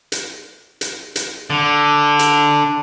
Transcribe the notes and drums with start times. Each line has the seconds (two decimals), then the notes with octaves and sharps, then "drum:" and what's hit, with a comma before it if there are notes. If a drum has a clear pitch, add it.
0.12 drum: hi-hat
0.81 drum: hi-hat
1.16 drum: hi-hat
1.50 D3
2.19 drum: hi-hat